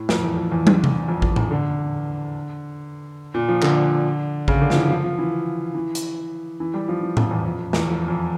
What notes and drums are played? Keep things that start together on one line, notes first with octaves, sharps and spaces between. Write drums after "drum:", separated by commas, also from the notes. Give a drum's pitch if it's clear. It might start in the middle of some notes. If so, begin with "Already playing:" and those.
Already playing: A2
F2, drum: snare
E2
F2
E2
drum: tom
drum: tom C3
F2
F2, drum: kick A1
E2, drum: tom A2
D3
A#2
F3
D3, drum: clap
C#3, drum: kick A1
D3
F3, drum: snare
E3
F3
F3
E3
E3
drum: hi-hat
E3
G3
F3
E3
F2, drum: tom A2
E2
F2
E2, drum: snare
F2
F2